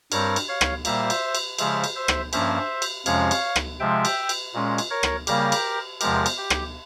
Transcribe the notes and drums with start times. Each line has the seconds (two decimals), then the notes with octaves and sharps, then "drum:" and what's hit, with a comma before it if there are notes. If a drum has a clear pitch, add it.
0.12 G2 G3 C4 A#4 C#5, drum: cymbal
0.36 drum: cymbal
0.48 C#5 F5
0.61 drum: rim click
0.85 A#2 G3 A#3 C5 E5, drum: cymbal
1.10 drum: cymbal
1.35 drum: cymbal
1.59 C#3 F3 G#3 C5 E5, drum: cymbal
1.84 drum: cymbal
1.95 C5 E5
2.08 drum: rim click
2.33 G2 F3 A#3 C#4 C5 E5, drum: cymbal
2.82 drum: cymbal
3.06 F2 C3 F3 G#3 C#4 C#5 F5, drum: cymbal
3.31 drum: cymbal
3.56 drum: rim click
3.80 C3 F3 G#3 E5 G5
4.05 drum: cymbal
4.29 drum: cymbal
4.54 A#2 G#3 C#4
4.78 drum: cymbal
4.91 A#4 C#5
5.03 drum: rim click
5.27 C#3 G3 A#3 G4 A#4, drum: cymbal
5.52 drum: cymbal
6.01 E2 C3 F3 G#3 G4 A#4, drum: cymbal
6.26 drum: cymbal
6.38 G4
6.50 drum: rim click